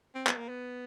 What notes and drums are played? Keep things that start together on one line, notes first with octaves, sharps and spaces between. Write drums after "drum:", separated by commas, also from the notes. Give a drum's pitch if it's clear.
C4
B3, drum: clap
A#3
B3